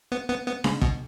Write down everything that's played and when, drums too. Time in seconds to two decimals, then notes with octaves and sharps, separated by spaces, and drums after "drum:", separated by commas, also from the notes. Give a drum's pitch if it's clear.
0.12 B3
0.29 B3
0.47 B3
0.64 C#3, drum: snare D4
0.82 B2, drum: kick